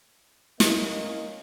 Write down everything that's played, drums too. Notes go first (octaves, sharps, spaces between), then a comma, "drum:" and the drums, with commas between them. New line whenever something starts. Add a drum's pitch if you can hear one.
A#3 C#4 D#4 D#5, drum: snare